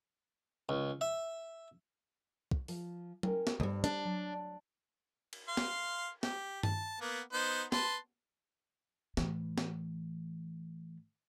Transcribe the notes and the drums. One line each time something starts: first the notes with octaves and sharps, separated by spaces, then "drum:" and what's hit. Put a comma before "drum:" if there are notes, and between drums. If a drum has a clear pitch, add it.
C#2
E5
drum: kick
F3, drum: open hi-hat
C#4 A#4 G5, drum: tom F#3
drum: snare
D2 G2 G3 C5
D4, drum: hi-hat
F#3
drum: cymbal
F5 C6
drum: snare
G4, drum: snare
A5, drum: tom G2
A#3 B3
B3 D#4 C5
B4 A5 C6, drum: snare
A2 E3, drum: snare
drum: snare